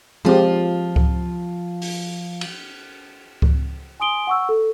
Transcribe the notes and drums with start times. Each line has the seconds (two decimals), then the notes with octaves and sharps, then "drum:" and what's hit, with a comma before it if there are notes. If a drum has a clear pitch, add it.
0.25 F3 G#3 C4 F4 G4
0.96 drum: kick C#2
1.82 drum: open hi-hat
2.41 drum: cymbal
3.42 drum: kick C#2
4.00 G#5 C6 D#6 D7 G7
4.27 F#5 C#6 E6
4.49 A4